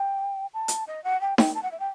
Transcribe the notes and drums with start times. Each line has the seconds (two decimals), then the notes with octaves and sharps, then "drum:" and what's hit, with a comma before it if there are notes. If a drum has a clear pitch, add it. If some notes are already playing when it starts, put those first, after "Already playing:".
Already playing: G5
0.54 A5
0.68 drum: hi-hat
0.87 D#5
1.04 F#5
1.21 G5
1.38 G5, drum: snare D#4
1.55 A5
1.63 F#5
1.72 E5
1.80 G5